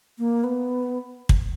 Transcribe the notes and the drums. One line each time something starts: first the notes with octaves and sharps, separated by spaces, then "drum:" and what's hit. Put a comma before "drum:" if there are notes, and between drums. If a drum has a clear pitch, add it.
A#3
B3
drum: kick